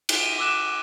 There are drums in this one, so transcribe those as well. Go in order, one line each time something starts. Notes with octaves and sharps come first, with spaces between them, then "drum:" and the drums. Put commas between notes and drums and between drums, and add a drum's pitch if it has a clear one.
drum: cymbal
D#7
D6 E6 F#6 E7